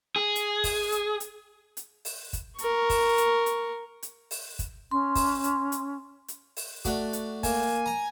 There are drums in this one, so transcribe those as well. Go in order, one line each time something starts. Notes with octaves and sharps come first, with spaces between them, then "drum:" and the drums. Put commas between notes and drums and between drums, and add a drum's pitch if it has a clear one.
G#4
drum: hi-hat
drum: kick, open hi-hat
drum: hi-hat
drum: hi-hat
drum: hi-hat
drum: open hi-hat
drum: kick, hi-hat
A#4 C#6, drum: hi-hat
drum: kick, open hi-hat
drum: hi-hat
drum: hi-hat
drum: hi-hat
drum: open hi-hat
drum: kick, hi-hat
C#4 C6
drum: kick, open hi-hat
drum: hi-hat
drum: hi-hat
drum: hi-hat
drum: open hi-hat
A3 D4 F#4, drum: kick, hi-hat
drum: hi-hat
A#3 G#5, drum: kick, open hi-hat
A#5